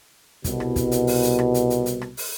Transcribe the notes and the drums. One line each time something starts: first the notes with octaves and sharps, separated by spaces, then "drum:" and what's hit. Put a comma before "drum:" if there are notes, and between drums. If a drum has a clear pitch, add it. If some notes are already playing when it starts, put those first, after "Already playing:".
C2 B2, drum: kick, hi-hat
drum: rim click
drum: kick, hi-hat
drum: hi-hat
drum: open hi-hat
drum: hi-hat
drum: rim click
drum: hi-hat
drum: hi-hat
drum: hi-hat
drum: rim click
drum: open hi-hat